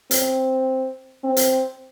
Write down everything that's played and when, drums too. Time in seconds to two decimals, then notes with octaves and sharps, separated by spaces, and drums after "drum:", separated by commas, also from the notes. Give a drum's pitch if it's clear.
0.11 C4, drum: hi-hat
1.23 C4
1.37 drum: hi-hat